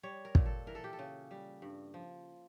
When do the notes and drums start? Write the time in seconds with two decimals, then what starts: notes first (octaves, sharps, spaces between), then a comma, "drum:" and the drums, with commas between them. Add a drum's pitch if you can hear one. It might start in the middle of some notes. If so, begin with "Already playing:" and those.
0.03 G3 C#5
0.25 A#4
0.35 A#2, drum: kick
0.46 A4
0.67 E3 A#4
0.75 A4
0.84 G4
0.93 A4
0.99 C#3
1.31 G3
1.62 G2
1.94 F3